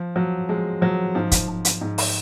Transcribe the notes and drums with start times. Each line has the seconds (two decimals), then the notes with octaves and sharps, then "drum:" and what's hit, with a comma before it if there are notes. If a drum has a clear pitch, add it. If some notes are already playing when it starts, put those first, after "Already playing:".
Already playing: F3
0.16 F3 F#3
0.49 F3 G#3
0.81 F3 F#3
1.15 G#2 F3
1.32 drum: kick, hi-hat
1.48 F3
1.65 drum: hi-hat
1.81 G#2
1.98 drum: open hi-hat